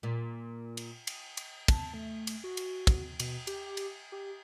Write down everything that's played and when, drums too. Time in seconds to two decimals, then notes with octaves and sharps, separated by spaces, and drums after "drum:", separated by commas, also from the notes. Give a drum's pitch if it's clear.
0.03 A#2
0.77 drum: cymbal
1.07 drum: cymbal
1.37 drum: cymbal
1.68 A5, drum: kick, cymbal
1.94 A3
2.27 drum: cymbal
2.44 F#4
2.57 drum: cymbal
2.87 drum: kick, cymbal
3.20 B2, drum: cymbal
3.47 G4, drum: cymbal
3.77 drum: cymbal
4.12 G4